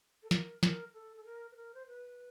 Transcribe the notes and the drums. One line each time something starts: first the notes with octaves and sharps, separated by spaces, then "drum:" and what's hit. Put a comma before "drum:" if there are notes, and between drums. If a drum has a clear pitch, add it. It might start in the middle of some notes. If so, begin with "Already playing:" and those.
A4
A#4, drum: snare
A#4, drum: snare
A4
A4
A#4
B4
A#4
C5
B4